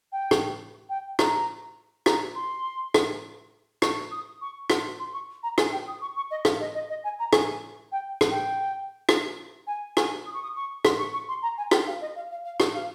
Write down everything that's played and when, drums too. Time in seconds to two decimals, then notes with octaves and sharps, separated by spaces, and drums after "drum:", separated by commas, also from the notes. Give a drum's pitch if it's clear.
0.12 G5
0.31 drum: rim click
0.89 G5
1.19 A#5, drum: rim click
2.06 A#5, drum: rim click
2.35 C6
2.94 drum: rim click
3.82 C#6, drum: rim click
4.11 D#6
4.41 C#6
4.70 C6, drum: rim click
5.00 C6
5.13 C#6
5.43 A#5
5.58 G#5, drum: rim click
5.72 G5
5.87 D#6
6.01 C#6
6.16 C#6
6.31 D#5
6.45 F5, drum: rim click
6.60 D#5
6.74 D#5
6.90 D#5
7.04 G#5
7.19 A#5
7.33 G#5, drum: rim click
7.92 G5
8.21 drum: rim click
8.31 G5
9.09 drum: rim click
9.67 G#5
9.97 G#5, drum: rim click
10.26 D#6
10.34 C#6
10.43 D#6
10.55 C#6
10.85 C6, drum: rim click
10.98 C#6
11.13 C#6
11.29 C6
11.42 A#5
11.58 G#5
11.71 G5, drum: rim click
11.86 F5
12.01 D#5
12.16 F5
12.31 F5
12.45 F5
12.60 drum: rim click
12.74 F5